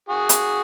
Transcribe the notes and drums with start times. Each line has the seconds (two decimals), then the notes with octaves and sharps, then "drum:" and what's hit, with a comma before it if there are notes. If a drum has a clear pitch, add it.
0.09 F#4 G#4
0.29 drum: hi-hat